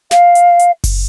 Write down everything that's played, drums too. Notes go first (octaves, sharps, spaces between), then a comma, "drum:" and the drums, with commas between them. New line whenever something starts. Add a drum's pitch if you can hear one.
F5, drum: snare
drum: hi-hat
drum: hi-hat
drum: kick F#1, open hi-hat